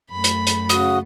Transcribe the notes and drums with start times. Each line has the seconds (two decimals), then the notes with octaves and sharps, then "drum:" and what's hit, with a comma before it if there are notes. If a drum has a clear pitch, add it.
0.11 F#2 A3 B5
0.24 drum: hi-hat
0.47 drum: hi-hat
0.69 C#3 F#4 D#6, drum: hi-hat